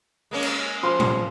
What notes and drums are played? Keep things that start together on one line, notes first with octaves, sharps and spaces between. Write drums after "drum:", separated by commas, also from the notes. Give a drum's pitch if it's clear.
G#3 A#3 C#4
drum: cymbal
F3 C6
drum: tom